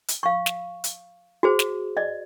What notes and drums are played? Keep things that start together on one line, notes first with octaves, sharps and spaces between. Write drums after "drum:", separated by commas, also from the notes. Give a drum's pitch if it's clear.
drum: hi-hat
F5 C#6
drum: snare
drum: hi-hat
F#4 G#4 C5
drum: snare
D5 D#5